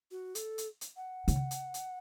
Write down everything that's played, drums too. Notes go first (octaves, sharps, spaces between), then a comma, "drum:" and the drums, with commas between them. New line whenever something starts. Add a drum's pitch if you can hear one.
F#4
A4, drum: hi-hat
drum: hi-hat
drum: hi-hat
F#5
C#3, drum: hi-hat
drum: hi-hat
drum: hi-hat